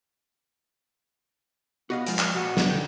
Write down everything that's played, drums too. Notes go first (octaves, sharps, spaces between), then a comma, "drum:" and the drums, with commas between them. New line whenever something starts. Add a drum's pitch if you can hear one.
B3 F#4 D#5 F5
F3 G#3 F4, drum: hi-hat
F3, drum: clap
A#2 F#4
B3 E4 D5, drum: snare
D3 G5